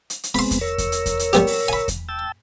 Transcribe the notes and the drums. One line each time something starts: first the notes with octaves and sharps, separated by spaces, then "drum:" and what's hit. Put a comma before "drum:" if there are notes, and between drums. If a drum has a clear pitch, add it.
drum: hi-hat
drum: hi-hat
G#3 B3 C4 B5 C6, drum: open hi-hat
drum: kick E2, hi-hat
A#4 C#5 E6
drum: kick E2, hi-hat
drum: hi-hat
drum: kick E2, hi-hat
drum: hi-hat
G3 B3 G4, drum: hi-hat
drum: open hi-hat
G#5 B5
drum: kick E2, hi-hat
G5 A5 E6